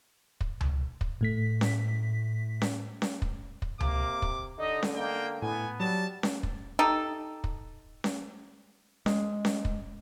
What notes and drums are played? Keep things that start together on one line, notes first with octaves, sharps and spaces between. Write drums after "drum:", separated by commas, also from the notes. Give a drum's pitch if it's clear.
drum: kick
drum: tom C#2
drum: kick
A2 A3 B6
drum: snare C#4
drum: snare C#4
drum: snare C#4
drum: kick
drum: kick
C3 A#3 D6, drum: tom C#2
drum: kick
D3 D#4 D#5
drum: snare C#4
A#3 G5
A2 B3 G#5
F#3 G3 A5
drum: snare C#4
drum: kick
D#4 G4 A4
drum: kick
drum: snare C#4
G#3, drum: snare C#4
drum: snare C#4
drum: kick